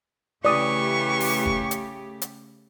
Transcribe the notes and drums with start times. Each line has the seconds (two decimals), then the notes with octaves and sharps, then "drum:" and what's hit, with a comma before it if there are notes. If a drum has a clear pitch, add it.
0.45 C#3 E3 A3 G4 D5 C#6 D#6
1.20 drum: open hi-hat
1.46 drum: kick
1.71 drum: hi-hat
2.22 drum: hi-hat